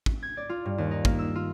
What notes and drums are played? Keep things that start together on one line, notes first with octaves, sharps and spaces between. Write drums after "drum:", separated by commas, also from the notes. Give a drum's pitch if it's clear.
drum: kick
G#6
D5
F4
G2
D#2
D#4
A#3, drum: kick
E6
F4